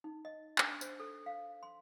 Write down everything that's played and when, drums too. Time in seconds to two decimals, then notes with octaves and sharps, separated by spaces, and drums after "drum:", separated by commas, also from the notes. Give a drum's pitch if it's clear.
0.04 D#4
0.25 D#5
0.58 D4, drum: clap
0.81 C5, drum: tambourine
1.00 A4
1.26 F5
1.63 C6